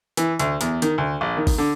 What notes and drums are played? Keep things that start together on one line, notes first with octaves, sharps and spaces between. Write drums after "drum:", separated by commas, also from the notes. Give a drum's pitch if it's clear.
E3, drum: hi-hat
D2, drum: hi-hat
E2, drum: hi-hat
D#3, drum: hi-hat
D2
A#1
D#3
drum: kick G#1, open hi-hat
D3